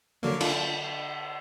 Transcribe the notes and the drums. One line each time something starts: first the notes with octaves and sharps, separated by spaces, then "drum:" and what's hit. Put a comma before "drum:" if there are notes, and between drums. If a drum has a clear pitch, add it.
D3 F#3 A#3
D4 F4, drum: cymbal